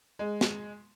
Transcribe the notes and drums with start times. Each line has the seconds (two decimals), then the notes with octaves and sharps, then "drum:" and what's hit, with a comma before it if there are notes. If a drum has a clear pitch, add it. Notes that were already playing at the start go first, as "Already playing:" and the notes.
0.19 G#3
0.41 drum: snare